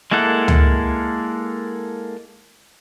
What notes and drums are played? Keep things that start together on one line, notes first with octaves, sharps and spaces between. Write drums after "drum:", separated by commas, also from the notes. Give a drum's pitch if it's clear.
G#3 A#3 E4 A4 F#5
drum: tom